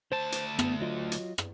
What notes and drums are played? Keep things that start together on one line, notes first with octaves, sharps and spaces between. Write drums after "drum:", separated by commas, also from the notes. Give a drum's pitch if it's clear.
D2 C5 A5
drum: hi-hat
B3, drum: rim click
F#3 F4 D#5
drum: hi-hat
drum: rim click